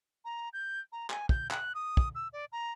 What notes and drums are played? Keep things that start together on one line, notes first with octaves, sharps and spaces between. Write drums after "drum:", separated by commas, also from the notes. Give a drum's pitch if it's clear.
A#5
G6
A#5
G#5, drum: clap
G6, drum: kick
F#6, drum: clap
D#6
drum: kick
E6
D5
A#5